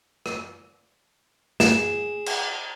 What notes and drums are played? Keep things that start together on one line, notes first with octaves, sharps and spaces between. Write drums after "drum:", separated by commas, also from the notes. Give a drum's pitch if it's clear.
drum: rim click
G#4 E7, drum: snare
drum: cymbal